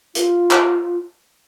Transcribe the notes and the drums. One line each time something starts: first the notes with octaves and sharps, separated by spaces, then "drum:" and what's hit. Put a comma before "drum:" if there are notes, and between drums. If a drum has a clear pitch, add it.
F4, drum: hi-hat
drum: clap